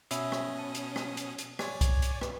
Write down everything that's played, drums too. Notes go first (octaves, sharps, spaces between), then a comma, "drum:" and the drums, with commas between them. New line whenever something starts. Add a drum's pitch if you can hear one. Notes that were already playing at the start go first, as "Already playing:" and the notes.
B2 C#4 E5 B5 D#6 E6, drum: hi-hat
drum: rim click
A5
drum: hi-hat
drum: rim click
drum: hi-hat
drum: hi-hat
C#5 D5 G#5, drum: rim click
drum: kick C2, hi-hat
drum: hi-hat
B4, drum: rim click